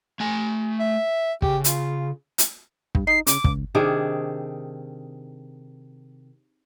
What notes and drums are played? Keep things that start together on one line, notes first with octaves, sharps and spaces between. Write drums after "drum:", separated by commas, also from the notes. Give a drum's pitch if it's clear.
A3 G#5
E5
C#3 G4, drum: kick
F4, drum: hi-hat
drum: hi-hat
G2, drum: kick
D#4 C7
C#3 D6, drum: hi-hat
C#2, drum: kick
C3 D#3 D4 G#4